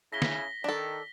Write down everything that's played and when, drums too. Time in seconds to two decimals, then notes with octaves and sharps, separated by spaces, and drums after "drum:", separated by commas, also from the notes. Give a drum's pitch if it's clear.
0.12 C#3 E4 G#4 A#6 B6 G7
0.22 drum: snare
0.64 D#3 D4 A4